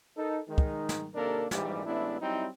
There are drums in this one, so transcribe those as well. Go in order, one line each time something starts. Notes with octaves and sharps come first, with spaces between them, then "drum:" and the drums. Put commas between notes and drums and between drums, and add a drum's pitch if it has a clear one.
D#4 A4 A#4
D#3 G#3 D#4
drum: kick
drum: snare
D#2 C3 A#3 D4 A4 A#4
A#1 G#2 E3 G3, drum: snare
A1 G#3 B3 D4 E4
F#3 G3 C4 D#4 E4